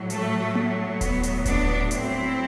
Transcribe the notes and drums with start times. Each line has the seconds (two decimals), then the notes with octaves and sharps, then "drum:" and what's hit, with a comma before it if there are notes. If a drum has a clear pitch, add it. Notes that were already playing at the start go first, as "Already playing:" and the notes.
Already playing: A2 F#3
0.10 A3, drum: hi-hat
0.55 drum: tom A#3
1.01 B3, drum: kick D#1, hi-hat
1.23 drum: hi-hat
1.46 B3 D4, drum: kick D#1, hi-hat
1.91 C4 E4, drum: hi-hat